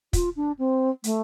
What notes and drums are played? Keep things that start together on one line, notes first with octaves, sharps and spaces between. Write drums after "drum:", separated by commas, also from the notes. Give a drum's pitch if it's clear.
F4, drum: kick, hi-hat
D4
C4
A3, drum: hi-hat